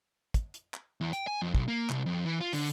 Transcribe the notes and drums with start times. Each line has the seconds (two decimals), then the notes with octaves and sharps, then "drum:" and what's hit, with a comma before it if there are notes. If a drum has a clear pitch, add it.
0.34 drum: kick, hi-hat
0.54 drum: hi-hat
0.74 drum: clap
1.01 E2
1.13 G5, drum: hi-hat
1.27 G#5
1.42 F2
1.55 B1, drum: kick
1.68 A#3
1.90 C2, drum: clap
2.06 F2
2.25 E3
2.41 F4
2.53 D3, drum: open hi-hat